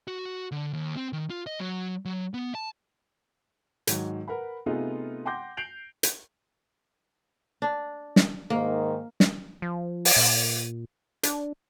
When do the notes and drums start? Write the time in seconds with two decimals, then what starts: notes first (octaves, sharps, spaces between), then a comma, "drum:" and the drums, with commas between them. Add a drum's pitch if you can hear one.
0.08 F#4
0.52 D3
0.74 D#2
0.96 C4
1.13 D#3
1.30 F4
1.47 D#5
1.60 F#3
2.05 F#3
2.34 B3
2.55 A5
3.87 G#2 D#3 F#3, drum: hi-hat
4.28 A#4 B4 F#5 B5
4.66 C3 A3 B3 D#4 F4 G#4
5.25 F#5 G5 C6 D6 G6 A#6
5.57 G6 C7 D7 F7 F#7
6.03 drum: hi-hat
7.62 D4
8.16 drum: snare
8.50 G#2 D#3 A#3
9.20 drum: snare
9.62 F3
10.05 drum: open hi-hat
10.16 A#2
11.23 D4, drum: hi-hat